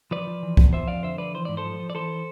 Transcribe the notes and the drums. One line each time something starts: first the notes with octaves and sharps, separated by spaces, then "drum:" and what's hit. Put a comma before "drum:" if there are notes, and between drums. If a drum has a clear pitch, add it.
F3 B4 D5
F3
E3
E2, drum: kick C2
F3 C5 E5
F2 D5 F5
D3 C5 E5
F3 B4 D5
E3 C5
G#2 D5
A4 C5
F3
F3
D5
E3 A4 C5